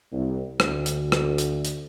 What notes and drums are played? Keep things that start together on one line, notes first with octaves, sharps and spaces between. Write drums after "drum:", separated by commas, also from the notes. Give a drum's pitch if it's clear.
C2
D2, drum: rim click
drum: hi-hat
drum: rim click
drum: hi-hat
drum: hi-hat